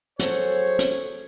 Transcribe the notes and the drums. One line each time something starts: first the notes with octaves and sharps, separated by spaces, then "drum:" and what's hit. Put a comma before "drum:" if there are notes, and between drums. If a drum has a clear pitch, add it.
F#3 G#4 A4 C5 C#5 F#5, drum: hi-hat
drum: hi-hat